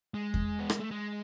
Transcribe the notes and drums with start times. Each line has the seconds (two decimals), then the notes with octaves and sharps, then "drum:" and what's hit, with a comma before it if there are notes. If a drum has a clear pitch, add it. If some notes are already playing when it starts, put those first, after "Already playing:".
0.14 G#3
0.34 drum: kick E2
0.59 B3
0.70 A#3, drum: rim click
0.80 A3
0.91 G#3